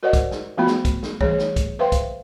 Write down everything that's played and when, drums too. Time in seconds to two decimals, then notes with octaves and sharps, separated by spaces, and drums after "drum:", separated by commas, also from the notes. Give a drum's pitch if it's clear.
0.03 F#4 A#4 C5 D5 D#5 F#5
0.13 drum: kick, hi-hat
0.31 drum: snare
0.58 F3 A3 B3 F4 F#4 B5
0.67 drum: snare
0.85 drum: kick, hi-hat
1.03 drum: snare
1.21 E3 G3 A3 G#4 C#5, drum: kick
1.38 drum: snare
1.56 drum: kick, hi-hat
1.79 B4 C5 E5 F5 G5 C6
1.92 drum: kick, hi-hat